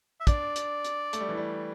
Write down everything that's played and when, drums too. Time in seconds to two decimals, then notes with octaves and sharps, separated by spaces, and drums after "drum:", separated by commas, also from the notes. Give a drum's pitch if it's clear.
0.20 E5
0.27 D4 D5, drum: kick, hi-hat
0.56 drum: hi-hat
0.84 drum: hi-hat
1.13 A3, drum: hi-hat
1.21 G3
1.29 E3
1.37 G3